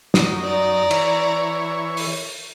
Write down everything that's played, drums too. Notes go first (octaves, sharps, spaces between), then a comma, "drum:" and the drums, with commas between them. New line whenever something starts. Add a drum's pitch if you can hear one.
F#2 D#4, drum: snare
D5 A#5
E3 C#5, drum: cymbal
drum: open hi-hat